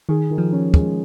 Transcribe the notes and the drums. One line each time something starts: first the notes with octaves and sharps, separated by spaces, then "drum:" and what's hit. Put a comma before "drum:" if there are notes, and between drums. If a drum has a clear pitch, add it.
D#3 G#4
D#3
F3
C#4
G#3, drum: kick